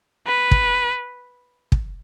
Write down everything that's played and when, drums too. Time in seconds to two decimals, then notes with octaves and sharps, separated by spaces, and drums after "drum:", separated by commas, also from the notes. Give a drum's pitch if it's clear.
0.27 B4
0.51 drum: kick
1.72 drum: kick